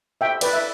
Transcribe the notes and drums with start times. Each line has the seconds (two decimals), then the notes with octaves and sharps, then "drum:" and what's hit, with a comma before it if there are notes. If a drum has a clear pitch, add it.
0.21 E5 G5
0.41 B4 D5, drum: cymbal
0.53 E5